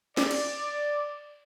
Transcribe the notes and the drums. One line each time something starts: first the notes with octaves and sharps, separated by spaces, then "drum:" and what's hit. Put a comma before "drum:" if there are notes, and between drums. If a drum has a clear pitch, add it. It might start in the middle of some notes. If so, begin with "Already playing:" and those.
D5, drum: snare
drum: cymbal